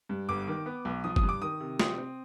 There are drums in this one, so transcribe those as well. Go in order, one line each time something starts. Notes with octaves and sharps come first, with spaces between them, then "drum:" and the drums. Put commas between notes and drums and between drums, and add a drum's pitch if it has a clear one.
G2
G1 D6
D#3
B3
B1
F3 D#6
D#6, drum: kick
G2
D6
D#3 D#6
C3
C4 D#6, drum: snare
C4